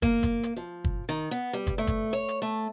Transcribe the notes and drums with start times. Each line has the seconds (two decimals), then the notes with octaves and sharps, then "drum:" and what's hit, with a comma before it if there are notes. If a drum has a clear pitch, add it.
0.02 A#3, drum: kick, hi-hat
0.23 drum: kick, hi-hat
0.43 drum: hi-hat
0.57 F3
0.84 drum: kick
1.09 D#3
1.31 B3
1.53 G3
1.67 drum: kick, hi-hat
1.78 A3
1.87 drum: kick, hi-hat
2.13 C#5
2.28 drum: hi-hat
2.42 A3